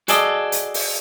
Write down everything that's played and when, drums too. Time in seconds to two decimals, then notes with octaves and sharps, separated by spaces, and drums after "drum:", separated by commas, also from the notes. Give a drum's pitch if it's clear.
0.08 F#4 G#4 A4 D5 D#5, drum: hi-hat
0.52 drum: hi-hat
0.74 drum: open hi-hat